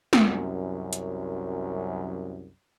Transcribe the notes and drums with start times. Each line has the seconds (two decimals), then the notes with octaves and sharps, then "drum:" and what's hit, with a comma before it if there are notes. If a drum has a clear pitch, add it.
0.13 drum: snare
0.23 C2 F#2
0.93 drum: hi-hat